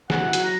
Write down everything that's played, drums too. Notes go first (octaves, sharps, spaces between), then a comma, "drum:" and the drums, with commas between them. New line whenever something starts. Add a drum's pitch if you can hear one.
G#4 F#5, drum: snare
F#4
E4
F#3 F#4, drum: hi-hat
A#5